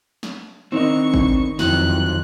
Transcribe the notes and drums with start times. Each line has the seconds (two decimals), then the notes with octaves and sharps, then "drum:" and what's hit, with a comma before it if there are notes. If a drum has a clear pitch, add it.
0.23 drum: snare
0.72 D#3 C4 D4 A#4 D#5 C#6
1.14 drum: kick G#1
1.59 F2 D#3 F#3 E4 F#6, drum: snare